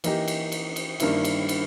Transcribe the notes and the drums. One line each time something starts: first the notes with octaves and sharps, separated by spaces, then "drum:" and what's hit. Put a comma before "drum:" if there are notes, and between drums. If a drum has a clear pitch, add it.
E3 A#3 D#4 G4, drum: cymbal
drum: cymbal
drum: cymbal
drum: cymbal
G2 D#3 A#3 E4, drum: cymbal
drum: cymbal
drum: cymbal